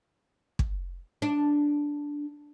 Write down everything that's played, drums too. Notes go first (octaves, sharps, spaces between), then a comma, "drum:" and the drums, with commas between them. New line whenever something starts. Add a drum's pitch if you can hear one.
drum: kick
D4